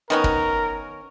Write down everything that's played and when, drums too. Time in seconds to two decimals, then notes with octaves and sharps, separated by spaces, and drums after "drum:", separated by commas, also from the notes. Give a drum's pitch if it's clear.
0.10 D#3 B3 C#4 A#4
0.24 drum: kick